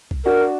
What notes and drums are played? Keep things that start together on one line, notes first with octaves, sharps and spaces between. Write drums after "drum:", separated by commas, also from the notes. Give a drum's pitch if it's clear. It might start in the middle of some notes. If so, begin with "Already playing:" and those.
drum: kick
D4 F#4 A#4